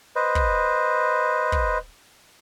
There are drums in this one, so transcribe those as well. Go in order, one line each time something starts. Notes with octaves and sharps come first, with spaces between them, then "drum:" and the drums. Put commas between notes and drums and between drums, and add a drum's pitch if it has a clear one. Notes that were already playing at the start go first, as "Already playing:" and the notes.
B4 C5 D#5
drum: kick
drum: kick